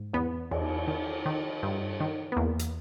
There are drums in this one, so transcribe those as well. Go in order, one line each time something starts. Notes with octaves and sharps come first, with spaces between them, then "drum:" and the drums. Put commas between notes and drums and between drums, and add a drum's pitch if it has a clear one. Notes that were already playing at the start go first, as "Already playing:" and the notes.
Already playing: G#2
E2 B3
E2, drum: cymbal
D#3
D#3
G2
D#3
B3
E2 A#3
drum: hi-hat